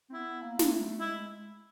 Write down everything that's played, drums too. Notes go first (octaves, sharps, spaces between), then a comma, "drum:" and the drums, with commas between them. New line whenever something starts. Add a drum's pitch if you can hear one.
C4
B3 E4
A#3
drum: snare
A3
G#3 E4